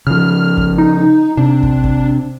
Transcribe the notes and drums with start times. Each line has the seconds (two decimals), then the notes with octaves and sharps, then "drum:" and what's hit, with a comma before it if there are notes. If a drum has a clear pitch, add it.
0.07 C#3 F3 F6
0.57 drum: kick
0.78 D#4
1.37 C3 D4
1.63 drum: kick
1.84 drum: kick